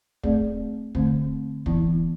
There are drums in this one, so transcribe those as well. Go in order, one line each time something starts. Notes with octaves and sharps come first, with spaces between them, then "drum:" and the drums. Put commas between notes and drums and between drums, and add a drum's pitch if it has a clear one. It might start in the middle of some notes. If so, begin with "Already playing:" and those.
A3 C4 G#4 D5, drum: kick
D3 A3 C4, drum: kick
E3 B3 E4, drum: kick